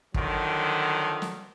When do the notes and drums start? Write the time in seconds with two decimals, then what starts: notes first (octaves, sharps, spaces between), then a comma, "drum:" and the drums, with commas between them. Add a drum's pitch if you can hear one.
0.14 D3 D#3 F3 F#3, drum: kick
1.22 drum: snare